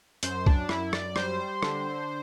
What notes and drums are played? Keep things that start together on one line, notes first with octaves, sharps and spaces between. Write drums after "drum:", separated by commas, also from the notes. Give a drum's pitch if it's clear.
F#2 C5, drum: hi-hat
D4, drum: kick C2
F#2 E4, drum: rim click
D5, drum: rim click
G3 C5, drum: rim click
D3, drum: rim click